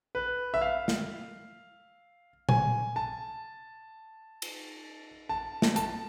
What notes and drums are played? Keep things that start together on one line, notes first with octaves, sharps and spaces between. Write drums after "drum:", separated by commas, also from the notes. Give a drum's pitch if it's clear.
B4
E5
F5
drum: snare
G#5, drum: tom A#2
A5
drum: cymbal
A5
drum: snare
A5, drum: hi-hat